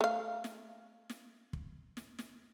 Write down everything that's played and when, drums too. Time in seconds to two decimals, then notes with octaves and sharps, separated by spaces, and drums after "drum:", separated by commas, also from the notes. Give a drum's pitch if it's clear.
0.01 A3 F5
0.44 drum: snare
1.10 drum: snare
1.53 drum: kick
1.97 drum: snare
2.19 drum: snare